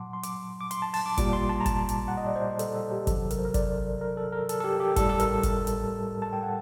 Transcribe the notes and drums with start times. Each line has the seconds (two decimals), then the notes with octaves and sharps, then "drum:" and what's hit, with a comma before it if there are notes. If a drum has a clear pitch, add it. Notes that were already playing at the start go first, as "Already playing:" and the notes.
Already playing: A#2 F#3 F#5 A5 C6 D6
0.13 C6
0.23 D6, drum: hi-hat
0.61 D6
0.71 C6, drum: hi-hat
0.82 A5
0.94 A5, drum: open hi-hat
1.06 D6
1.18 A#2 G3 D6, drum: kick, hi-hat
1.33 C6
1.49 A5
1.61 A#5
1.66 A5, drum: kick, hi-hat
1.89 drum: hi-hat
2.08 F#5
2.17 D#5
2.27 D5
2.36 C5
2.59 A4, drum: hi-hat
2.75 A4
2.91 G4
3.07 C3 D#3 F#3 A4, drum: kick, hi-hat
3.31 A#4, drum: hi-hat
3.38 C5
3.45 A#4
3.54 D5, drum: kick, hi-hat
4.01 A#4
4.17 A4
4.32 A#4
4.49 A4, drum: hi-hat
4.60 A4
4.64 G4
4.80 G4
4.96 A2 G3 A4, drum: kick, hi-hat
5.09 A4
5.20 A#4, drum: hi-hat
5.43 drum: kick, hi-hat
5.67 drum: hi-hat
6.22 A5
6.33 G5
6.43 F#5